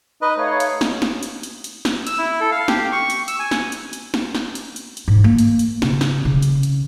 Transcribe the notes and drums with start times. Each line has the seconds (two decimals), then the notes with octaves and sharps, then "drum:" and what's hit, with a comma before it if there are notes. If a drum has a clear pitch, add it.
0.22 D#4 B4 D#5
0.37 A3 C#5 F5
0.60 drum: hi-hat
0.81 drum: snare
1.02 drum: snare
1.23 drum: hi-hat
1.43 drum: hi-hat
1.64 drum: hi-hat
1.85 drum: snare
2.07 E6, drum: hi-hat
2.18 E4
2.41 A4
2.52 F5
2.68 G4, drum: snare
2.92 C#6
3.10 drum: hi-hat
3.28 E6, drum: hi-hat
3.39 G#5
3.51 drum: snare
3.72 drum: hi-hat
3.93 drum: hi-hat
4.14 drum: snare
4.35 drum: snare
4.55 drum: hi-hat
4.76 drum: hi-hat
4.97 drum: hi-hat
5.08 G#2
5.24 A#3
5.39 drum: hi-hat
5.59 drum: hi-hat
5.82 C#3, drum: snare
6.01 drum: snare
6.25 C#3
6.42 drum: hi-hat
6.63 drum: hi-hat